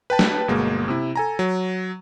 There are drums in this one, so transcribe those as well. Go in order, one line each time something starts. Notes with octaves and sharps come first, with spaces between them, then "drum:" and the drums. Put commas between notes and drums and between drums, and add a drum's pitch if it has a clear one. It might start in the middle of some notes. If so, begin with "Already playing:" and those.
B4 G5 A5
drum: snare
G1 B2 G#3 A#3
C3 E4
A4 G#5 A#5
F#3